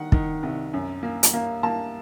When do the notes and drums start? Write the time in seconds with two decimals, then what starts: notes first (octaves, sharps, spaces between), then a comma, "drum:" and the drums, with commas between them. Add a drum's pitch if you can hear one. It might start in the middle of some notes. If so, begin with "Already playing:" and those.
Already playing: D#3 F#5
0.12 D#3, drum: kick
0.43 C2
0.73 F#2
1.03 A#3
1.23 drum: hi-hat
1.34 A#3
1.63 A#3 A5